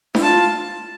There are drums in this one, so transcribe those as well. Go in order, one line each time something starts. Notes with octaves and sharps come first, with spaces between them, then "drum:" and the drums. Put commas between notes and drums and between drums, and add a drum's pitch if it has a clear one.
E4, drum: snare D4
F4 A5